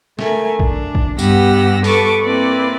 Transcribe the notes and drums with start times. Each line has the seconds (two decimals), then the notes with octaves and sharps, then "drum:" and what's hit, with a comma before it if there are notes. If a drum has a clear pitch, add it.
0.19 A3 A#4 G#5, drum: snare
0.60 D4, drum: kick A#1
0.95 drum: kick A#1
1.19 G2 B3 G4 F#5 E6 A#6, drum: tambourine
1.84 A4 B4 A5 C#6 D6, drum: open hi-hat
2.22 A#3 C4 E4 B4 D5